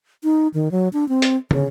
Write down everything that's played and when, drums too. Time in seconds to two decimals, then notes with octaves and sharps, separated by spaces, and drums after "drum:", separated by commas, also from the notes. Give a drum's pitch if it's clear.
0.24 D#4
0.54 D#3
0.71 F#3
0.93 D4
1.09 C4
1.22 drum: hi-hat
1.51 C#3, drum: tom